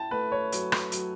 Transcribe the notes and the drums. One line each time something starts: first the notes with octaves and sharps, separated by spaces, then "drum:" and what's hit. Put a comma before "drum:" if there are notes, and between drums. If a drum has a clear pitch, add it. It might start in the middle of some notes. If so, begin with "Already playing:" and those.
Already playing: E4 G5 A5
A3 B4
C#5
F#3, drum: hi-hat
drum: rim click
F#3, drum: hi-hat